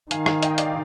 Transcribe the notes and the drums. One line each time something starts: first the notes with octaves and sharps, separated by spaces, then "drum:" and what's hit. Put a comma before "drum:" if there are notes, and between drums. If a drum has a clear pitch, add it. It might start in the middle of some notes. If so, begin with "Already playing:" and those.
D#3 F5 G#5, drum: hi-hat
F5 G#5, drum: rim click
D#5 G5, drum: hi-hat
D5 F5, drum: hi-hat